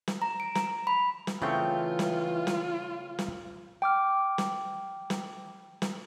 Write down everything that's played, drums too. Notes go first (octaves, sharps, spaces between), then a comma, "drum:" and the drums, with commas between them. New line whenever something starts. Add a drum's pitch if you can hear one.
drum: snare
A#5
D7
A#5, drum: snare
B5
drum: snare
C#3 E3 A3 C4 F4 C#5 G5
drum: snare
drum: snare
drum: snare
G5 D6 F6
drum: snare
drum: snare
drum: snare